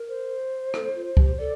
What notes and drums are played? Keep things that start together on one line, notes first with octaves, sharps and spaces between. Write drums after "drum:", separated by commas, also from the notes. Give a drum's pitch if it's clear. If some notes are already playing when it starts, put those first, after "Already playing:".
Already playing: A#4
C5
A4, drum: rim click
F4
G4, drum: kick
A4 D5